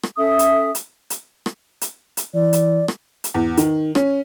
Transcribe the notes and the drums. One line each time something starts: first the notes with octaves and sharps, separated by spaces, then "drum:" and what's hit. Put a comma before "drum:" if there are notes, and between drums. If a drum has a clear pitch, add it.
drum: rim click
C#4 A4 E5 D#6
drum: hi-hat
drum: hi-hat
drum: hi-hat
drum: rim click
drum: hi-hat
drum: hi-hat
E3 D5
drum: hi-hat
drum: rim click
drum: hi-hat
E2
D#3, drum: hi-hat
C#4, drum: rim click